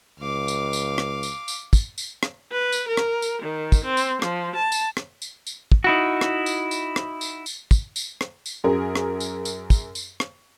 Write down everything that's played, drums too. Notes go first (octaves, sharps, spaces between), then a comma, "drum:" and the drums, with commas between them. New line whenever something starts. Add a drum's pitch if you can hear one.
C#2 F5 D6
drum: tambourine
drum: tambourine
drum: rim click
drum: tambourine
drum: tambourine
drum: kick, tambourine
drum: tambourine
drum: rim click
B4
drum: tambourine
A#4
drum: rim click
drum: tambourine
D#3
drum: kick, tambourine
C4
drum: tambourine
F3, drum: rim click
A5
drum: tambourine
drum: rim click
drum: tambourine
drum: tambourine
drum: kick
D#4 E4 F#4
drum: rim click
drum: tambourine
drum: tambourine
drum: rim click
drum: tambourine
drum: tambourine
drum: kick, tambourine
drum: tambourine
drum: rim click
drum: tambourine
F#2 G#4 A#4
drum: rim click
drum: tambourine
drum: tambourine
drum: kick, tambourine
drum: tambourine
drum: rim click